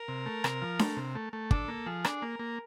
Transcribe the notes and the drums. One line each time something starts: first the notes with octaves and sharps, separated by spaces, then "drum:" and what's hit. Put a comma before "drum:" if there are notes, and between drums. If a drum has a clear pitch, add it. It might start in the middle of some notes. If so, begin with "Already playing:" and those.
Already playing: A#4
C3
A3
C3, drum: rim click
F3
A3, drum: snare D4
C3
A3
A3
D4 A4, drum: kick
A#3
F3 G#4
D4, drum: rim click
A#3 A#4
A#3